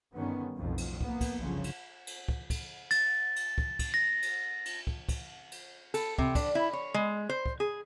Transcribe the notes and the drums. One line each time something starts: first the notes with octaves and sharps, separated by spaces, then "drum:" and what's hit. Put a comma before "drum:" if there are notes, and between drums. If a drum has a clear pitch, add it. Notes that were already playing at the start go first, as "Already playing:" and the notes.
G2 D3 D#3 B3 C#4
B1 F2 A2
drum: cymbal
A#3 B3, drum: kick
drum: kick, cymbal
G1 C2 F#2 C#3 F3
drum: cymbal
drum: cymbal
drum: kick
drum: kick, cymbal
A6, drum: cymbal
drum: cymbal
drum: kick
drum: kick, cymbal
A#6
drum: cymbal
drum: cymbal
drum: kick
drum: kick, cymbal
drum: cymbal
A4, drum: cymbal
C3, drum: kick
D4, drum: kick, cymbal
E4
C#5
G#3
C5
drum: kick
G#4